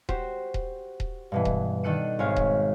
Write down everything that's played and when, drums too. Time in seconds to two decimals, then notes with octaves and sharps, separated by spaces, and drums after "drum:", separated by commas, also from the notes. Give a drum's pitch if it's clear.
0.09 F#4 G4 C5, drum: kick D#1
0.54 drum: kick D#1
1.00 drum: kick D#1
1.32 G2 B2 E3
1.45 drum: kick D#1
1.84 D#3 D4 A4 F#6 C#7 D#7
2.19 G#1 G#3 C#5 F5
2.36 drum: kick D#1